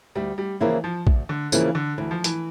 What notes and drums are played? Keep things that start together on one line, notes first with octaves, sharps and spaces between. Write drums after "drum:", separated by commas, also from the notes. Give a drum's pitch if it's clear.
D2 G3
G3
C#3 E3 F3 A#3 E4
F3
D2, drum: kick
D3
C#3 E3 F3 A#3 E4, drum: tambourine
D3
D2 E3
F3
E3, drum: hi-hat